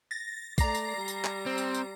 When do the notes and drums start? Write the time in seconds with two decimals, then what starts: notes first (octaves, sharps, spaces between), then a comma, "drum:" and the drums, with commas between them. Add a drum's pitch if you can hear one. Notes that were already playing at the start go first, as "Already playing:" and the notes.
0.11 A6 A#6
0.58 A3 D5 A#5 A#6 C7, drum: kick, tambourine
0.75 drum: tambourine
0.97 G3
1.08 drum: tambourine
1.24 drum: clap
1.46 C4
1.58 drum: tambourine
1.74 drum: tambourine